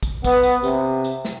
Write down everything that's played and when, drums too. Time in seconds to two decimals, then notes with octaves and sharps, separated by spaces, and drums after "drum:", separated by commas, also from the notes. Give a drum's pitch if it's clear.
0.03 drum: kick, tambourine
0.25 B3, drum: kick, tambourine
0.43 drum: tambourine
0.64 C3, drum: tambourine
1.04 drum: tambourine
1.25 drum: snare